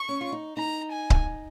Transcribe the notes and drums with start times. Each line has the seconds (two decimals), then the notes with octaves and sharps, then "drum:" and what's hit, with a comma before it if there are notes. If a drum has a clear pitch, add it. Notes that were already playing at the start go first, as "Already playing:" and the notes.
Already playing: C#6
0.09 C#4
0.21 F4
0.32 D#4
0.57 D#4 A#5
0.92 G#5
1.10 drum: kick C#1